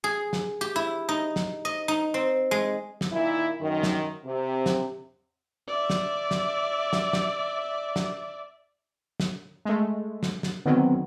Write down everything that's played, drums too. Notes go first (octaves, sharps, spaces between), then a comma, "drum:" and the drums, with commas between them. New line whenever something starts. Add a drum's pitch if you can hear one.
G#4
drum: snare
G4
E4
D#4
drum: snare
D#5
D#4
C4
G#3
drum: snare
A#2 D#3 E4
F#2 D#3
drum: snare
C3
drum: snare
D5 E5
drum: snare
drum: snare
drum: snare
drum: snare
drum: snare
drum: snare
G#3 A3
drum: snare
drum: snare
D3 D#3 F#3 B3 C4